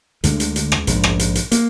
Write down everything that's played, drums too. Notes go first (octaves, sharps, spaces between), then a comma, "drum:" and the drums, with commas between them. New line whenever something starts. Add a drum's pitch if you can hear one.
D2 D3 G#3, drum: hi-hat
drum: hi-hat
drum: hi-hat
drum: rim click
A#1 G#2, drum: hi-hat
drum: rim click
drum: hi-hat
drum: hi-hat
A#3, drum: hi-hat